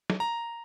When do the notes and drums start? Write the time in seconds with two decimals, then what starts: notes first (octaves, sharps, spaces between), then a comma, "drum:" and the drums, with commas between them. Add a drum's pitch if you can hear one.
0.10 drum: snare
0.20 A#5